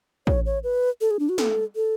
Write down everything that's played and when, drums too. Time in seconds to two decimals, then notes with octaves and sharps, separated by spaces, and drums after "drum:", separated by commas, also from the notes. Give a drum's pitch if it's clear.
0.27 C#5, drum: kick
0.46 C#5
0.64 B4
1.01 A4
1.11 G#4
1.19 D4
1.29 F#4
1.38 A4, drum: snare
1.76 A4